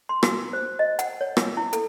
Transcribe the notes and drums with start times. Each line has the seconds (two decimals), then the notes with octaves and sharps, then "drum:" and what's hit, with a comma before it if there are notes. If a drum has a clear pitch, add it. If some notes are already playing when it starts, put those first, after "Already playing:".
0.09 C6
0.23 F#4, drum: rim click
0.53 C5
0.79 D#5
0.99 F#5, drum: hi-hat
1.21 C#5
1.37 drum: rim click
1.57 E4
1.73 A4, drum: hi-hat